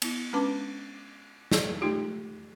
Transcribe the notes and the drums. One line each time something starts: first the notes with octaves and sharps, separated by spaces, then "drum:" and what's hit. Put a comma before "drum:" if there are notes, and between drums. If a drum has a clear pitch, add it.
B3 E4, drum: cymbal
G#3 C#4 D4 B4 A5 D6
drum: snare
A3 D#4 F4 G4